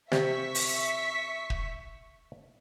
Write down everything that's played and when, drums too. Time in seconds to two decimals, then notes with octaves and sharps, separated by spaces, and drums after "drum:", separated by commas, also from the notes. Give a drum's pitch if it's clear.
0.12 C3 E5 C#6 B6, drum: snare
0.55 drum: open hi-hat
1.50 drum: kick